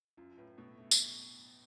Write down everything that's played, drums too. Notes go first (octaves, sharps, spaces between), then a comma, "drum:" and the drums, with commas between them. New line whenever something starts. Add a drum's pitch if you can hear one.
F#2 F4
A2 B4
B2 A3
A3
drum: tambourine